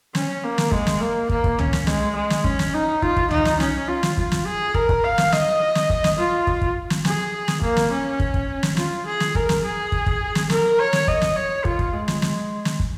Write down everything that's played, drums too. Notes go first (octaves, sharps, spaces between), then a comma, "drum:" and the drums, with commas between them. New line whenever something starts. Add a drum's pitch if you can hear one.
C#4, drum: snare
A#3
drum: snare
G#3, drum: kick
drum: snare
A#3
A#3, drum: kick
drum: kick
C#4, drum: tom
drum: snare
G#3, drum: snare
G#3
drum: snare
C#4, drum: kick
drum: snare
D#4
F4, drum: kick
drum: kick
D#4, drum: tom
drum: snare
C#4, drum: snare
F4
drum: snare
F4, drum: kick
drum: snare
G#4
A#4, drum: kick
drum: kick
F5
drum: snare
D#5, drum: snare
drum: snare
drum: kick
drum: snare
F4
drum: kick
drum: kick
drum: snare
G#4, drum: snare
drum: snare
A#3, drum: kick
drum: snare
C#4
drum: kick
drum: kick
drum: snare
F4, drum: snare
G#4
drum: snare
A#4, drum: kick
drum: snare
G#4
drum: kick
drum: kick
drum: snare
A#4, drum: snare
C#5
drum: snare
D#5, drum: kick
drum: snare
C#5
F4, drum: kick
drum: kick
G#3
drum: snare
drum: snare
drum: snare
drum: kick